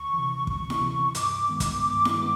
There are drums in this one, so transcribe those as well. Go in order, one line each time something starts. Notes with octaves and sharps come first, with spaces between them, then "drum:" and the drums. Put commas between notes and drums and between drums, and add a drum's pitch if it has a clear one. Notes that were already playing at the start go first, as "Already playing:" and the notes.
Already playing: D2 C#6
C3 E3
D2 C#6, drum: kick
drum: snare E4
C3 E3
G2 D6, drum: hi-hat
D#3 G#3 B3 D6
drum: kick, hi-hat
G2 D6
drum: snare E4
D#3 G#3 B3